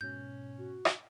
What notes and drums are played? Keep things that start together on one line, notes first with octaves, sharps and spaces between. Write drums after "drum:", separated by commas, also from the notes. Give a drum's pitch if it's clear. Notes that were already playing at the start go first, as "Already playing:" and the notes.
G#2 B2 C#4 G6
F#4
drum: rim click